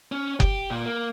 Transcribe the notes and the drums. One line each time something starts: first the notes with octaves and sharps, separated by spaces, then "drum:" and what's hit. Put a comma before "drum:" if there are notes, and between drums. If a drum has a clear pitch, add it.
C#4
G4, drum: kick F#1
A#2
A#3